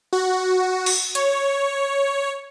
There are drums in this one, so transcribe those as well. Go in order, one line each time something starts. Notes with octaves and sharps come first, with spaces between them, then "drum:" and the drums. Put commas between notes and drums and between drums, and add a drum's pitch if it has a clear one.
F#4
drum: cymbal
C#5, drum: hi-hat